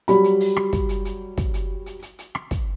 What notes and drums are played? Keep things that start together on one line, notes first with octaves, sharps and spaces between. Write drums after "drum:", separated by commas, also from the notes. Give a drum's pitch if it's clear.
F#3 G3 B5, drum: hi-hat
drum: hi-hat
drum: open hi-hat
drum: rim click
drum: kick, hi-hat
drum: hi-hat
drum: hi-hat
drum: kick, hi-hat
drum: hi-hat
drum: hi-hat
drum: hi-hat
drum: hi-hat
drum: rim click
drum: kick, hi-hat